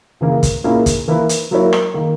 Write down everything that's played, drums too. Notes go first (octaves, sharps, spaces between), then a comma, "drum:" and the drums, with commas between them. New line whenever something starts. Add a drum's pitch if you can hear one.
C#3 E3 A#3
drum: kick, hi-hat
A#2 A#3 C#4 E4 G#4
drum: kick, hi-hat
E3 A#3 E4 B4
drum: hi-hat
F#3 A#3 E4 A#4 C#5
drum: rim click
D#3 A#3